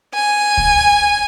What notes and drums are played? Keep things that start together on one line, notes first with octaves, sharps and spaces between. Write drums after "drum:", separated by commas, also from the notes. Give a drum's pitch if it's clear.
G#5
drum: kick C#2